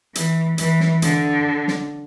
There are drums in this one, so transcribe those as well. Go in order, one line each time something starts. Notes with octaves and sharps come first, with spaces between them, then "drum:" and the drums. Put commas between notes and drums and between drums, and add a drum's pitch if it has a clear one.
E3, drum: hi-hat
E3, drum: hi-hat
drum: snare
D3, drum: hi-hat
drum: snare